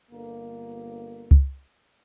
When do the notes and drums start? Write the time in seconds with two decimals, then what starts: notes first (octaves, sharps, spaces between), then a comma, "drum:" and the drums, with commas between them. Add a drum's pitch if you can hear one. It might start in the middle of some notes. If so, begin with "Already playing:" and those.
0.11 G1 A#3
1.31 drum: kick C#2